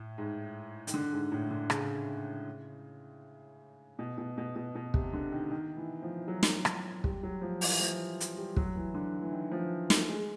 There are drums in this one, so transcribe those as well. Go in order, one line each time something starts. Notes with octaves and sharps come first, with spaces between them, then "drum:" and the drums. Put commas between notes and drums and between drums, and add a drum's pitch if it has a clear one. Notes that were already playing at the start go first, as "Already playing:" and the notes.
Already playing: A2
G#2
D#3, drum: hi-hat
D3
G#2
A2
D3
C#3, drum: rim click
B2
B2
B2
B2
B2
C3, drum: kick
D3
D#3
D#3
E3
F3
F#3
drum: snare
drum: rim click
G3, drum: kick
F#3
F3
E3, drum: open hi-hat
F3
drum: hi-hat
G3
F#3, drum: kick
E3
D3
E3
D#3
F3
A3, drum: snare
G#3